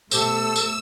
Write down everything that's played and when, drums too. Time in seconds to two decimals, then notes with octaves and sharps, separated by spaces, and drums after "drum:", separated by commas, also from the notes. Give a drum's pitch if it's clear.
0.11 B2 A3 C4 G4 A4 E6, drum: tambourine
0.56 drum: tambourine